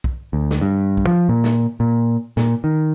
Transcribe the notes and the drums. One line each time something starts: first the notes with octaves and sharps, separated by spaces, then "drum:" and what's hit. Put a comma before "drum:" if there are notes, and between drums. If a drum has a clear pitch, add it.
drum: kick B1
D2
drum: snare
G2
drum: kick B1
F3
A#2
drum: snare
A#2
A#2, drum: snare
D#3